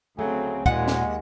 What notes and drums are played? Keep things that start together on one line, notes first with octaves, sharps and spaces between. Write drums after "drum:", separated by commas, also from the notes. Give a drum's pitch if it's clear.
D2 C#3 F#3 A3 C4 G#4
D#2 A#2 G#3 F#5, drum: kick
drum: snare